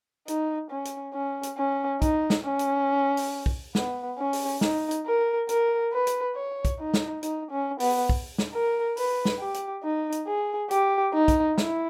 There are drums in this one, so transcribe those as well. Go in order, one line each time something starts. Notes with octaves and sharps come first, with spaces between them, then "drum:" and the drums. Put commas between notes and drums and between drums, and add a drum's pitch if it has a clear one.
D#4, drum: hi-hat
C#4
drum: hi-hat
C#4
drum: hi-hat
C#4
D#4, drum: kick, hi-hat
drum: snare
C#4
drum: hi-hat
drum: open hi-hat
drum: kick
B3, drum: snare
C#4
drum: open hi-hat
D#4, drum: snare
drum: hi-hat
A#4
A#4, drum: hi-hat
B4
drum: hi-hat
C#5
drum: kick, hi-hat
D#4
drum: snare
D#4, drum: hi-hat
C#4
B3, drum: open hi-hat
drum: kick
drum: snare
A#4
B4, drum: open hi-hat
drum: snare
G4
drum: hi-hat
D#4
drum: hi-hat
G#4
G4, drum: hi-hat
D#4
drum: kick, hi-hat
E4, drum: snare